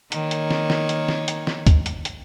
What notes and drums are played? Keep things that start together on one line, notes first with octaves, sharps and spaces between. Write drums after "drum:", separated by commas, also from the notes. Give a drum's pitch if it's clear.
D#3 A#3 C#5, drum: hi-hat
drum: hi-hat
drum: snare
drum: snare
drum: hi-hat
drum: snare
drum: hi-hat
drum: snare
drum: kick, hi-hat
drum: hi-hat
drum: hi-hat